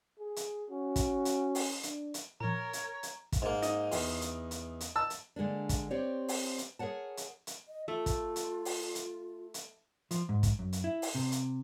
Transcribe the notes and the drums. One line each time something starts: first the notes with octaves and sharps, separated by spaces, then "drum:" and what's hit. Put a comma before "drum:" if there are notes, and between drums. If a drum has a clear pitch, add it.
G#4
drum: hi-hat
C#4 F#4
drum: kick, hi-hat
drum: hi-hat
drum: open hi-hat
D4, drum: hi-hat
drum: hi-hat
A#2 F3 A#4 C#5 A#5
drum: hi-hat
drum: hi-hat
drum: kick, hi-hat
G#2 A#3
D#4, drum: hi-hat
E2, drum: open hi-hat
drum: hi-hat
drum: hi-hat
drum: hi-hat
A5 E6
drum: hi-hat
D3 G#3 A#3 D4
drum: kick, hi-hat
C4 G4 C#5 D5
drum: open hi-hat
drum: hi-hat
G#4 A#4 C#5 F#5 A5
drum: hi-hat
drum: hi-hat
D#5
A3 F4
drum: kick, hi-hat
drum: hi-hat
drum: open hi-hat
drum: hi-hat
drum: hi-hat
F3, drum: hi-hat
G#2
drum: kick, hi-hat
F#2
drum: hi-hat
E4
drum: open hi-hat
C3
drum: hi-hat